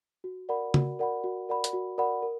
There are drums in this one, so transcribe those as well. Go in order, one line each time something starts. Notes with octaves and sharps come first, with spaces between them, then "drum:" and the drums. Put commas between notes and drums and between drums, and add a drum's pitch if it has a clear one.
F#4
A#4 D5 F#5 B5
F#4, drum: tom C#3
A#4 D5 F#5 B5
F#4
A#4 D5 F#5 B5
drum: hi-hat
F#4
A#4 D5 F#5 B5
A#4